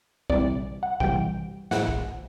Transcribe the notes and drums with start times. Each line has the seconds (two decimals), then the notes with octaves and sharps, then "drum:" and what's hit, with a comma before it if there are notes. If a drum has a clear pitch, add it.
0.30 C3 E3 G3 D5, drum: kick
0.83 F#5
1.00 C3 E3 G3 G5, drum: kick
1.71 A2 E3 G#3 F#5, drum: snare
1.88 drum: kick